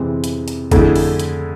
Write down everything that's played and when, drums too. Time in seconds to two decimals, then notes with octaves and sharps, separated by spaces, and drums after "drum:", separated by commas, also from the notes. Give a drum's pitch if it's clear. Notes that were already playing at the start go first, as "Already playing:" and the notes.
Already playing: F2 C3 E3 G#3 C4
0.24 drum: hi-hat
0.48 drum: hi-hat
0.71 F2 D3 A3 E4 G#4, drum: kick G1, hi-hat
0.96 drum: open hi-hat
1.19 drum: hi-hat